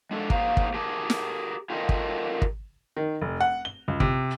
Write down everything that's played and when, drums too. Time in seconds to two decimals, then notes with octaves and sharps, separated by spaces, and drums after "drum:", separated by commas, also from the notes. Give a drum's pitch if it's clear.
0.11 G#3 D4 A4
0.30 A#3 G#4 C5 F5 A#5, drum: kick
0.57 drum: kick
0.74 G4 G#4 A#4 A5
1.10 drum: snare
1.70 F4 G4 A4 A#4 D5 D#5
1.89 drum: kick
2.42 drum: kick
2.97 D#3
3.22 F1
3.41 F#5
3.65 G7
3.88 C#2
4.00 C3, drum: kick